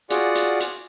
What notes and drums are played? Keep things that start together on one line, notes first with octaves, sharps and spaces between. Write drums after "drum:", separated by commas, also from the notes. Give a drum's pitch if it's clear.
F4 F#4 G#4 D5 F#5, drum: hi-hat
drum: hi-hat
drum: hi-hat